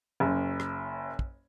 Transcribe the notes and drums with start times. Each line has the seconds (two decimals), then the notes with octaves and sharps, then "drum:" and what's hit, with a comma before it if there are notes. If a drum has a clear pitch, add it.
0.20 F#1 F#2
0.60 drum: rim click
1.19 drum: kick